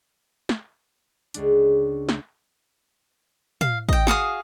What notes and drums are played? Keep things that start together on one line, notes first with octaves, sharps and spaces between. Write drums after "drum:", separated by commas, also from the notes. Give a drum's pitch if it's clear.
drum: snare
C#2 G#3 D4, drum: hi-hat
drum: snare
F5, drum: tom
D#5 G5, drum: kick
F#4 G#4 F5 D#6, drum: snare